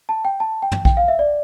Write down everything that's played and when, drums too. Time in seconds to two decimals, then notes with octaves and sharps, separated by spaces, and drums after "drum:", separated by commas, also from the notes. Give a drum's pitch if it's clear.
0.09 A5
0.25 G5
0.40 A5
0.62 G5
0.72 drum: tom
0.85 G5, drum: kick B1
0.97 F5
1.08 E5
1.19 D5